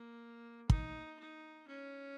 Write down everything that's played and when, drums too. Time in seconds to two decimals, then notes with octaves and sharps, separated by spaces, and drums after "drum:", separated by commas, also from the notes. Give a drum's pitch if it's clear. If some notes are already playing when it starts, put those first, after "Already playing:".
Already playing: A#3
0.70 D#4, drum: kick
1.19 D#4
1.68 C#4